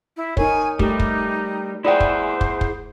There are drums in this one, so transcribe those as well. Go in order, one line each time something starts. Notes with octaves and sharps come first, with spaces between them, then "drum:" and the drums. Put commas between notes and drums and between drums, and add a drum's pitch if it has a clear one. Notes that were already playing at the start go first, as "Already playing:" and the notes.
E4
D#4 A#4 C#5 G#5, drum: kick
G3 A3 D#4 G4 A4, drum: kick
drum: kick
E4 G#4 C5 D5 F#5 G5
drum: kick
drum: kick
drum: kick